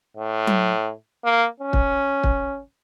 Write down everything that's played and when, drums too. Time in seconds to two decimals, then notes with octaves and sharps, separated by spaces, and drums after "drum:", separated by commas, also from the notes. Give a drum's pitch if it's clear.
0.17 A2
0.47 drum: tom F#3
1.24 A#3
1.60 C#4
1.73 drum: kick
2.24 drum: kick